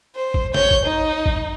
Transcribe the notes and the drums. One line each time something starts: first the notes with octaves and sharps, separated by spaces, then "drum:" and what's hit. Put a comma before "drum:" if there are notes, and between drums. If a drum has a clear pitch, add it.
C5
drum: kick G#1
C#5 G6, drum: snare
drum: kick G#1
D#4
drum: kick G#1